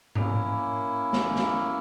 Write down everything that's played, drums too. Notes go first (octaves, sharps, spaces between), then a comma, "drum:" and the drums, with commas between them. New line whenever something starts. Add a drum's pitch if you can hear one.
A#3 C#4 E4, drum: tom G#2
drum: snare
drum: snare